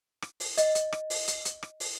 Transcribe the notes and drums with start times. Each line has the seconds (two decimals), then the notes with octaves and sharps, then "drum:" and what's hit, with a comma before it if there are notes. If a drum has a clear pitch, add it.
0.22 drum: rim click
0.40 drum: open hi-hat
0.57 D#5, drum: hi-hat
0.75 drum: hi-hat
0.92 drum: rim click
1.10 drum: open hi-hat
1.28 drum: hi-hat
1.45 drum: hi-hat
1.63 drum: rim click
1.80 drum: open hi-hat